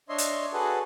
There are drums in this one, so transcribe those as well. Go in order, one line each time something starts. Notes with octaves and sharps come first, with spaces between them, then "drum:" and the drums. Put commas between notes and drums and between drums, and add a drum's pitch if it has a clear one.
D4 C#5 D#5 E5 C6
drum: hi-hat
F#4 G#4 A4 B4